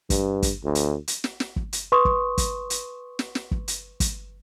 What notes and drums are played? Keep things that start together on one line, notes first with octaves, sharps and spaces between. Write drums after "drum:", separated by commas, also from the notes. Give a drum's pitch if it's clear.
G2, drum: kick, hi-hat
drum: kick, hi-hat
D2
drum: hi-hat
drum: hi-hat
drum: snare
drum: snare
drum: kick
drum: hi-hat
B4 C6 C#6 D#6
drum: kick
drum: kick, hi-hat
drum: hi-hat
drum: snare
drum: snare
drum: kick
drum: hi-hat
drum: kick, hi-hat